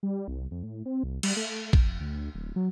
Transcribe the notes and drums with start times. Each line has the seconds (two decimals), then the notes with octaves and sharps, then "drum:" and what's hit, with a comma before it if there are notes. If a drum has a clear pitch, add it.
0.03 G3
0.28 C2
0.51 F2
0.63 A2
0.86 C4
1.04 C2
1.23 G3, drum: cymbal
1.36 A3
1.73 F1, drum: kick
2.00 D2
2.35 D1
2.56 F#3